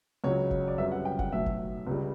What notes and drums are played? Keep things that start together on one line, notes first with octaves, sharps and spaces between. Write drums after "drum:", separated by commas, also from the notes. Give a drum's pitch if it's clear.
C#2 C#3 F#3 C#5
drum: kick F#1
D5
G1 F#2 C#3 G3 E5
F#5
G5
F#5, drum: kick F#1
B1 A2 F#3 E5
drum: kick F#1
C#2 C#3 G3